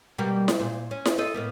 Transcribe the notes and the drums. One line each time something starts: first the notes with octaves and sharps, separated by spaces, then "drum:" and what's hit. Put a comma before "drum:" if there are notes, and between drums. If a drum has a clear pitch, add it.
B2 G3 A#3
drum: snare E4
A#2 C5
C#4
drum: snare E4
A4 C5 D#5
A2 A#3 B3